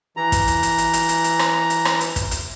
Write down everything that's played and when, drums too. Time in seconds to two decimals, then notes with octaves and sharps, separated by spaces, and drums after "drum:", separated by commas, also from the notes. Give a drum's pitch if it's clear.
0.17 E3 A#5
0.32 drum: kick, hi-hat
0.47 drum: hi-hat
0.63 drum: hi-hat
0.78 drum: hi-hat
0.93 drum: hi-hat
1.09 drum: hi-hat
1.24 drum: hi-hat
1.39 drum: rim click
1.70 drum: hi-hat
1.85 drum: rim click
2.01 drum: hi-hat
2.16 drum: kick, hi-hat
2.31 drum: hi-hat